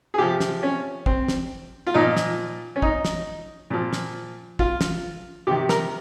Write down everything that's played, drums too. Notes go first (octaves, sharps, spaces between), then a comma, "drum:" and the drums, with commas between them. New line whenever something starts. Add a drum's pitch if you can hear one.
G#4
C3 F3 G4
drum: snare
C#4
C4, drum: kick
drum: snare
F4
A#2 F3 D#4
drum: snare
C#4
D#4, drum: kick
drum: snare
A#2 F3
drum: snare
F4, drum: kick
drum: snare
C3 D#3 G4
A#4, drum: snare